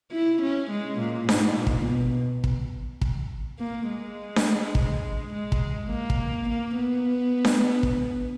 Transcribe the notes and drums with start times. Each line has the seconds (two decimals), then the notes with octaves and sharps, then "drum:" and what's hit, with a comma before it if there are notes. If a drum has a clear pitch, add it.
0.12 E4
0.42 C#4
0.71 G#3
0.99 A#2
1.29 G#2, drum: snare D4
1.58 A#2
1.67 drum: kick
1.85 B2
2.44 drum: kick
3.01 drum: kick
3.59 A#3
3.89 G#3
4.36 drum: snare D4
4.75 drum: kick
5.33 G#3
5.52 drum: kick
5.90 A#3
6.10 drum: kick
6.49 A#3
6.78 B3
7.45 drum: snare D4
7.83 drum: kick